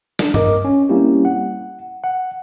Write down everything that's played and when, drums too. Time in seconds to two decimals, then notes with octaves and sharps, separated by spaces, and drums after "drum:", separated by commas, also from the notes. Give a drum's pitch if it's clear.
0.19 D4, drum: snare
0.34 A#4 D#5 D6, drum: tom G2
0.65 C#4
0.89 G3 A#3 C4 C#4 E4 G4
1.25 F#5
2.04 F#5